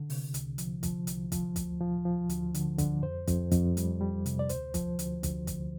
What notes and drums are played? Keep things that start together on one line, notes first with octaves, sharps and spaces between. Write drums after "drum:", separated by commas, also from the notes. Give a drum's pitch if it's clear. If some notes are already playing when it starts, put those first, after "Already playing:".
Already playing: D3
C3, drum: open hi-hat
C2, drum: hi-hat
F3, drum: hi-hat
F3, drum: kick, hi-hat
C2, drum: hi-hat
F3, drum: kick, hi-hat
D2, drum: kick, hi-hat
F3
F3
D2, drum: hi-hat
D3, drum: hi-hat
D3, drum: kick, hi-hat
F2 C5
F2, drum: kick, hi-hat
F2, drum: kick, hi-hat
G3, drum: hi-hat
G3
C3, drum: hi-hat
D5
D2 C5, drum: hi-hat
F3, drum: kick, hi-hat
D2, drum: hi-hat
D2, drum: kick, hi-hat
D3, drum: kick, hi-hat